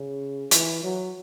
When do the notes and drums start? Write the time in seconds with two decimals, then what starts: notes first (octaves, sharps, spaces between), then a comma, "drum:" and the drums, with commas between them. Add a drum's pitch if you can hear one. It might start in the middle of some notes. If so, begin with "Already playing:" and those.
Already playing: C#3
0.51 E3, drum: hi-hat
0.84 F#3